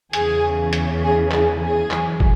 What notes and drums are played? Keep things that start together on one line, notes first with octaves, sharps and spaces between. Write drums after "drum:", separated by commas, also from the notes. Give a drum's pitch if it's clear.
E2 C#3 E3 G#4, drum: hi-hat
drum: hi-hat
G#4
G#4, drum: clap
G#4
F#2 E3, drum: clap
drum: kick